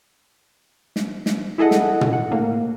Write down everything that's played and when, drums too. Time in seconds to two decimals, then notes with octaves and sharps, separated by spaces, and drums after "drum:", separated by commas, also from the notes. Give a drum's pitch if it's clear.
0.96 drum: snare
1.26 drum: snare
1.58 E4 G#4 A4 D#5 F#5
1.71 drum: snare
2.01 drum: tom
2.13 F#5
2.31 A2 A#3